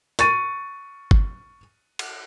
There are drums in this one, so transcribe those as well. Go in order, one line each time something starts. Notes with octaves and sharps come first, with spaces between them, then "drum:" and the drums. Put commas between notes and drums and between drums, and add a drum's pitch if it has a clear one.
C#6 A6 D#7, drum: hi-hat
drum: kick G1
drum: cymbal